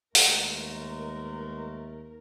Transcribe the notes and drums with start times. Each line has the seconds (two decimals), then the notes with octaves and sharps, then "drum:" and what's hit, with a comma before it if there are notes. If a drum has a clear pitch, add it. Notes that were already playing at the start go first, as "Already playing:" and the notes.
0.15 D#2 B2 G#3 A3 A#4, drum: open hi-hat